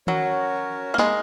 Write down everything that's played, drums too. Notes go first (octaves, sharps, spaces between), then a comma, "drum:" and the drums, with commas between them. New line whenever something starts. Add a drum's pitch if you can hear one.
F#3 C#4 F#4 A#4 C#5, drum: tom D#3
A#3
G#3 D#4 A#4 F5, drum: snare